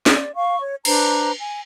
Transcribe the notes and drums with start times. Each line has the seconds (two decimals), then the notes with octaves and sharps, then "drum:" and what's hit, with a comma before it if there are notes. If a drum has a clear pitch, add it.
0.06 D5, drum: snare
0.35 F5 C#6
0.60 C#5
0.85 D4 B4 C5 A#5, drum: cymbal
1.39 G#5